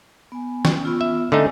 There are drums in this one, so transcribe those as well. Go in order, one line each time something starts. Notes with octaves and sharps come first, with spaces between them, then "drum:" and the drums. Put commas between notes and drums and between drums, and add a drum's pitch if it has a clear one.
B3 G#5
C#4, drum: snare
B3 F4 E6
E5
D3 A3 C#4 D#4 A4 G#5